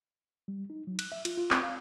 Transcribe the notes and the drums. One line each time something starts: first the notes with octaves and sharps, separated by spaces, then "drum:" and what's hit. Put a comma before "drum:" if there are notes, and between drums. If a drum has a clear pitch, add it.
G3
D#4
F#3
F#6, drum: cymbal
E5
F4, drum: cymbal
F4
C4, drum: clap
F5